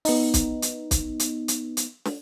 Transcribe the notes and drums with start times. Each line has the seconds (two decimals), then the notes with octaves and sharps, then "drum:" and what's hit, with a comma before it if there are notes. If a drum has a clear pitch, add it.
0.05 B3 D#4, drum: open hi-hat
0.34 drum: kick, hi-hat
0.62 drum: hi-hat
0.91 drum: kick, hi-hat
1.20 drum: hi-hat
1.48 drum: hi-hat
1.77 drum: hi-hat
2.05 drum: snare